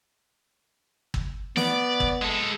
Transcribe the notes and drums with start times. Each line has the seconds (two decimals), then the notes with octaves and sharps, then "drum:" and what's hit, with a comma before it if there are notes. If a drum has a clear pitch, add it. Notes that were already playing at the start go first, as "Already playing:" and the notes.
1.14 drum: kick
1.56 B3 D5, drum: snare
2.00 drum: kick
2.22 G#3 A4